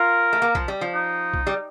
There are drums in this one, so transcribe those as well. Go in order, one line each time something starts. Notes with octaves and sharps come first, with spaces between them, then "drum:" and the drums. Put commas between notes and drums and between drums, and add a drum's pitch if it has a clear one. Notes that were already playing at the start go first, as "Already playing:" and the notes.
Already playing: F4 A#4
A3
A#3
F3, drum: kick
G3
F3
D#4
drum: kick
G3